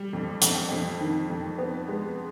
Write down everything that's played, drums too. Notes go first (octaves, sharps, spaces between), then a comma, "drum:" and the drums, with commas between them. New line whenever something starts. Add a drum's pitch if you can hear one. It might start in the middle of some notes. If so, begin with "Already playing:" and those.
Already playing: G3
F2
F2, drum: hi-hat
F2
D#3
F2
B3
G#3